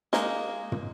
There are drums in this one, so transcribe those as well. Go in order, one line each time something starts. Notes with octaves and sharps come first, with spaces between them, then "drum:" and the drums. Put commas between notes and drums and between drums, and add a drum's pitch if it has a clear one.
G#3 A#3 D#4, drum: snare
drum: tom